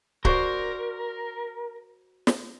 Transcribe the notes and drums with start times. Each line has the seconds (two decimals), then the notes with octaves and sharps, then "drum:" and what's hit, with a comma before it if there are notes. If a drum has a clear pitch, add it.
0.25 F#4 A#4 C5 D5, drum: kick C#1
2.27 drum: snare